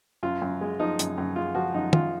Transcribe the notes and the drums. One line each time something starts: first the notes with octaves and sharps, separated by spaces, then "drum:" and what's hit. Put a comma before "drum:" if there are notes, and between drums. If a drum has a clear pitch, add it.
F#2 F4
F#2
G#3
F3 D#4
F#2, drum: hi-hat
F#2
G#3 F4
F3 F#4
F#2 D#4
F#2 F4, drum: tom